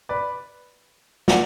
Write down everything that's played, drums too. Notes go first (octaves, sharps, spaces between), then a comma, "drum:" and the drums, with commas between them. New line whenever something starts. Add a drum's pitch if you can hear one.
B4 D5
D5 F#5, drum: snare